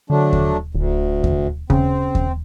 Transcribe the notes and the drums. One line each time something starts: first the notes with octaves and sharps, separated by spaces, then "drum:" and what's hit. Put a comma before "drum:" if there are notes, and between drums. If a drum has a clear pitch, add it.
D3 F#3 A3 D4
drum: kick D#2
D1 D2
drum: kick D#2
C#3 C4, drum: kick D#2
drum: kick D#2